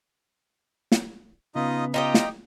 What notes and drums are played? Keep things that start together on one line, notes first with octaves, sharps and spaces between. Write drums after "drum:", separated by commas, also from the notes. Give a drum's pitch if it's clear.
drum: snare
C#3 B3 D#4 F4 D#5
D#4 F4 G4 D#5 A#5
drum: snare